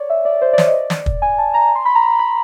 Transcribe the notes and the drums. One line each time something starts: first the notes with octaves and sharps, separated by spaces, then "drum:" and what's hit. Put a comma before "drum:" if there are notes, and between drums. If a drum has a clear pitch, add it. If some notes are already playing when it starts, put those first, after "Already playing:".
Already playing: C#5 D5
E5
D5
C5
D5
C#5, drum: snare
D#5
D5
drum: snare
drum: kick
G#5
A5
A#5
C6
B5
A#5
B5